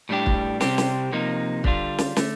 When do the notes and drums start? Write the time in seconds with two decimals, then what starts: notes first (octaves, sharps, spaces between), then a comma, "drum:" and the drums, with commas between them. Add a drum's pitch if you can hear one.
0.09 A2 G3 D4 G4
0.26 drum: kick
0.61 C2 C3 G3 C4 G4, drum: snare
0.78 drum: snare
1.12 C3 F3 A#3 D#4
1.64 D3 G3 D4 F4, drum: kick
1.98 drum: snare
2.16 D3 A3, drum: snare